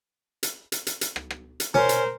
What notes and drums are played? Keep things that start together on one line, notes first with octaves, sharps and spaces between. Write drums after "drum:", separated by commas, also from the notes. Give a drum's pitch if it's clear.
drum: hi-hat
drum: hi-hat
drum: hi-hat
drum: hi-hat
drum: rim click
drum: rim click
drum: hi-hat
C#4 A#4 C5, drum: tom B2
drum: hi-hat